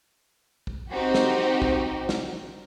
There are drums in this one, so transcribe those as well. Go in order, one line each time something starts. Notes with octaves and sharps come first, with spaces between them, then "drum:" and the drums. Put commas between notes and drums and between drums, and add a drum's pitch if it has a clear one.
drum: kick
C4 D#4 F#4 G4
drum: snare
drum: kick
drum: snare